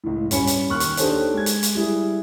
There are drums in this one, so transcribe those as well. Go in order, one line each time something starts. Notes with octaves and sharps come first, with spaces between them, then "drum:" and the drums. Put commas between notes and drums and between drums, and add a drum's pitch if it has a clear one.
C#2 A2
G2 C#4 G#5 B5 C#7, drum: hi-hat
drum: hi-hat
D#2 C#6 F6 F#6
drum: hi-hat
D4 D#4 G4 A4 C5 C#5, drum: hi-hat
G#3 G#6
drum: hi-hat
drum: hi-hat
G3 E4 G#4